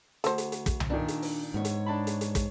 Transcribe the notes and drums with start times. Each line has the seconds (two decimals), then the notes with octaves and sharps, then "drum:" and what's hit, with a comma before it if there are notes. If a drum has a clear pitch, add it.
0.24 D2 A4 C5, drum: hi-hat
0.38 drum: hi-hat
0.52 drum: hi-hat
0.66 drum: kick, hi-hat
0.80 drum: tom C2
0.90 A#2 D#3 D4
1.08 drum: hi-hat
1.22 drum: open hi-hat
1.54 E2 G#2 C#5
1.65 drum: hi-hat
1.86 D4 A5 B5
2.07 drum: hi-hat
2.21 drum: hi-hat
2.35 drum: kick, hi-hat